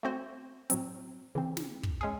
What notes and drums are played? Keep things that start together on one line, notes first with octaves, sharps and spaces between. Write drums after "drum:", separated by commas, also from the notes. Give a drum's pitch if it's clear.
A3 C4 F#4 C5
A2 F#3 C4, drum: hi-hat
C#3 E3 C4
drum: snare
drum: kick
G#3 C#4 G#4